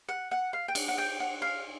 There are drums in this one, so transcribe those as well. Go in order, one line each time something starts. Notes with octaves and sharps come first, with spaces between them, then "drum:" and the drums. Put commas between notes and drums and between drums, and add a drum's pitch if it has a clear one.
F#5
F#5
F5
G5
F#5, drum: cymbal
F#5
G5
F#5
F5